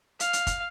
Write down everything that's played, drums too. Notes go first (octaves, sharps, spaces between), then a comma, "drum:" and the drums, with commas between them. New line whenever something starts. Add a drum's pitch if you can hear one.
F5, drum: hi-hat
drum: hi-hat
drum: kick, hi-hat